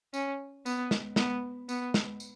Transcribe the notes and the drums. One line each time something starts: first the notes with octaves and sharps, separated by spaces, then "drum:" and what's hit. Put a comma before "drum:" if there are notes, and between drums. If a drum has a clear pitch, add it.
C#4, drum: tambourine
B3, drum: tambourine
drum: snare
B3, drum: snare
B3, drum: tambourine
drum: snare
drum: tambourine